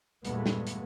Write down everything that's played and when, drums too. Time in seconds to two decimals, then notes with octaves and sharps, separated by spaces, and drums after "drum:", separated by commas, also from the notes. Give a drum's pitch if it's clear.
0.25 E2 G2 A#2 G#3 A3 B3, drum: hi-hat
0.46 drum: snare
0.67 drum: hi-hat